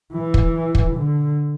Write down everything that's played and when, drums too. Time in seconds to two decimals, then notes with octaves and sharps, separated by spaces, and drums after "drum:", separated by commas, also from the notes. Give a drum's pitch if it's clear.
0.14 E3
0.34 drum: kick
0.75 drum: kick
0.96 D3